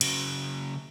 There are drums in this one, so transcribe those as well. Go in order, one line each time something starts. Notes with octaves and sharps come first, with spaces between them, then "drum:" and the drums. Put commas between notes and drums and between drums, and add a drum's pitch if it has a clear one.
C#3 F#3, drum: cymbal